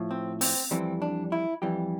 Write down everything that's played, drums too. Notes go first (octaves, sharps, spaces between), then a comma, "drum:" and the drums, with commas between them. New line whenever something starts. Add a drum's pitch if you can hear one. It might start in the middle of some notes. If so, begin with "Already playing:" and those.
Already playing: A2 F3
C4
C4, drum: open hi-hat
F2 E3 G3 C4
D4
E4
F2 E3 G3 G4